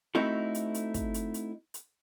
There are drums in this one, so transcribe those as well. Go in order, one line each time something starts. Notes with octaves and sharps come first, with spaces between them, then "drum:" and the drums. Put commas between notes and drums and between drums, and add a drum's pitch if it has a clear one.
A3 C4 D#4 E4 F#4 A4
drum: hi-hat
drum: hi-hat
drum: kick, hi-hat
drum: hi-hat
drum: hi-hat
drum: hi-hat